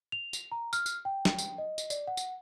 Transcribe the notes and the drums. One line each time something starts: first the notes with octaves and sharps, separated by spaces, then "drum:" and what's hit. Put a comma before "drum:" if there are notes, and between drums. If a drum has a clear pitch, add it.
F7
drum: tambourine
A#5
F6, drum: tambourine
drum: tambourine
G5
drum: snare
drum: tambourine
D#5
drum: tambourine
D5, drum: tambourine
F#5
drum: tambourine